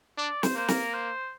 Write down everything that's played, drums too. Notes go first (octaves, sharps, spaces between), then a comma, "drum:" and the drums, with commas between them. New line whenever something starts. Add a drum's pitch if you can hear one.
D4 D5
C5, drum: snare
A#3 C5
A#4, drum: snare
C5